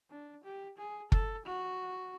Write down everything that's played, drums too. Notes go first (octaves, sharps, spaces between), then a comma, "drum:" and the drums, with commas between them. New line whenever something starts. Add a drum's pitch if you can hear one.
D4
G4
G#4
A4, drum: kick
F#4